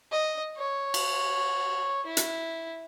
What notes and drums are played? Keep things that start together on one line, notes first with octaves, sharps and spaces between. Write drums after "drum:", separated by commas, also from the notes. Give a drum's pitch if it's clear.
D#5
C#5
drum: cymbal
E4
drum: hi-hat